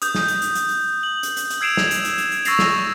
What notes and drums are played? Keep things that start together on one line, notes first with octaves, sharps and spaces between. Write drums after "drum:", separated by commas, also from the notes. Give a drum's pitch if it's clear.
D#6 G6, drum: hi-hat
drum: snare
drum: hi-hat
drum: hi-hat
drum: hi-hat
drum: hi-hat
F#7
drum: hi-hat
drum: hi-hat
drum: hi-hat
E6 G#6 C7 D7 E7 F7
drum: snare
drum: hi-hat
drum: hi-hat
drum: hi-hat
drum: hi-hat
C#6 E6 A6 A#6 C7 F7, drum: hi-hat
drum: snare